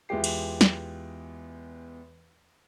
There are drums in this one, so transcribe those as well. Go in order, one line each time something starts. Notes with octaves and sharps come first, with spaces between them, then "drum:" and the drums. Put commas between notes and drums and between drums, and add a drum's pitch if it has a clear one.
E2 E3 G#3 F4 G4 C7
drum: cymbal
drum: snare